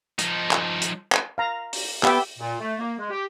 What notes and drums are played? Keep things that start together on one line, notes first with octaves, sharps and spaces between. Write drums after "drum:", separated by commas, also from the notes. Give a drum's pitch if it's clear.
F3 D#4, drum: hi-hat
drum: clap
drum: hi-hat
drum: clap
F5 A#5
drum: open hi-hat
B3 G4 E5 G5, drum: clap
A#2
A3
A#3
G#3
G4